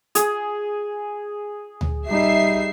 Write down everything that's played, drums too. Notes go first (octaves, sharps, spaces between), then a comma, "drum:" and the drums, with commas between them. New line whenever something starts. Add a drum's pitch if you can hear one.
G#4, drum: hi-hat
drum: tom D2
G3 D#4 E5 C7